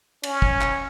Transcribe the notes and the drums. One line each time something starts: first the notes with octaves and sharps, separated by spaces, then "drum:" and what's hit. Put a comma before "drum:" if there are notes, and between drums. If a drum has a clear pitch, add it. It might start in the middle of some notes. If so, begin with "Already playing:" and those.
C#4, drum: cymbal
drum: kick
drum: clap